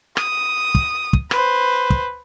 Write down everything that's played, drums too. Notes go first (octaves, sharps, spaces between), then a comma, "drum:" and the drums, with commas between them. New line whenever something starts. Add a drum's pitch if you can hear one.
D#6, drum: rim click
drum: kick
drum: kick
B4 C5, drum: rim click
drum: kick